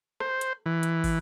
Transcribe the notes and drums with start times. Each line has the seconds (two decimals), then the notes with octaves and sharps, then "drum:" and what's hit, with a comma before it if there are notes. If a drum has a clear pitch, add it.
0.20 C5, drum: rim click
0.41 drum: hi-hat
0.66 E3
0.83 drum: hi-hat
1.04 drum: kick, open hi-hat